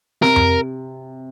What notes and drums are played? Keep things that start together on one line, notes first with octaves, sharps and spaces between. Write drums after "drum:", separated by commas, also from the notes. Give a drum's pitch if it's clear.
C3 A#4, drum: snare
drum: tom F2